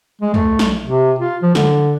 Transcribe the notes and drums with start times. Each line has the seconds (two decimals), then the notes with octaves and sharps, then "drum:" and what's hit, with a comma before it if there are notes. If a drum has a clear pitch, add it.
0.21 G#3
0.34 A3, drum: tom
0.59 drum: snare
0.85 C3
1.19 F4
1.43 F3
1.55 D3, drum: snare